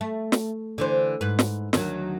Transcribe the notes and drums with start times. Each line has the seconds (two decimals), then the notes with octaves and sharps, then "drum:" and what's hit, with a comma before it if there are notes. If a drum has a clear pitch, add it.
0.01 A3
0.32 drum: snare
0.78 D3 E3 C5
1.21 G#2 B4
1.39 drum: snare
1.73 D2 D#3 F#3, drum: snare